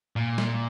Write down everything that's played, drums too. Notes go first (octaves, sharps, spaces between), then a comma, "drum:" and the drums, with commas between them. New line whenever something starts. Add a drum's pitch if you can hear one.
A#2
drum: snare